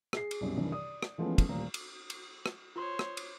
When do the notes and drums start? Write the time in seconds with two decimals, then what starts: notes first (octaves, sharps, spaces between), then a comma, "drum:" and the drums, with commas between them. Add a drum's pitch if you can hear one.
0.13 G#4 C7, drum: rim click
0.31 drum: cymbal
0.41 C2 F#2 B2
0.57 F#2 C3 D#3 E3 G3 D4
0.72 D5 D#6
1.03 drum: rim click
1.18 E3 F3 G#3 A3 B3 C#4
1.38 drum: kick, cymbal
1.49 D#1 A1 A#2 A#5
1.74 drum: cymbal
2.10 drum: cymbal
2.46 drum: rim click
2.76 F4 C5 C#5 C6
2.99 drum: rim click
3.17 drum: cymbal